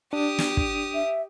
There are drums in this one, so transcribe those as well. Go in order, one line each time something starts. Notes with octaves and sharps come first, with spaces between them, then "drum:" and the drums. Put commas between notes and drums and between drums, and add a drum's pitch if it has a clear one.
D4 G4 D#6
drum: snare
drum: kick
E5